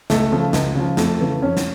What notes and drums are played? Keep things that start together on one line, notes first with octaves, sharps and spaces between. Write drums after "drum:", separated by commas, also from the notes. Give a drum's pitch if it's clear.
C#2 A3, drum: snare
C#3 F3
C#2, drum: snare
C#3 F3
F2 A3, drum: snare
C#3 E3
F2 C#4
drum: snare